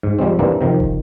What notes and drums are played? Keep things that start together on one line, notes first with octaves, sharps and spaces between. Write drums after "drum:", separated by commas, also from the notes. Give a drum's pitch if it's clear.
G#2
F3 G3 G#3 C4
E3 G3 A#3 C4 D4
C3 D#3 F3
drum: kick